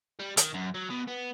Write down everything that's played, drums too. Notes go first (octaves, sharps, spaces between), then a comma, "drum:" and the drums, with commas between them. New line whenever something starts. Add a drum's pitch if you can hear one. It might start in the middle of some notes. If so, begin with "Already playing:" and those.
G3
D#3, drum: hi-hat
F#2
F#3
B2
B3